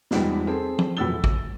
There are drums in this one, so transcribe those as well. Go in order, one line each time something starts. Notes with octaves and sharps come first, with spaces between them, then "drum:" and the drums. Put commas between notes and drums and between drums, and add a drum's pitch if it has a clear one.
E2 F3 G3 G#3 D#4, drum: snare
C4 G#4 A4
drum: tom
E2 A#2 F#3 E6 A6 G7
A3
drum: kick